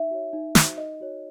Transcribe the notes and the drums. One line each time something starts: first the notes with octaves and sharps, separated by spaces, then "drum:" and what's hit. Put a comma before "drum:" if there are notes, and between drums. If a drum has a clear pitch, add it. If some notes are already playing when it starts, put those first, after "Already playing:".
Already playing: D#4 E5
F#4 C#5
D#4
F#4 C5, drum: snare
D#4 D#5
F#4 C#5